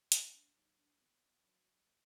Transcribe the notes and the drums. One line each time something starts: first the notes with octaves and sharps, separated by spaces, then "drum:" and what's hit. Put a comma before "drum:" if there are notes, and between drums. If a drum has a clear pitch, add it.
G#2 D4, drum: hi-hat
B3
D4
F#3 A#3 D4 D#4
D4
D#3 B3
F#3 D4 F#4 B4
A#2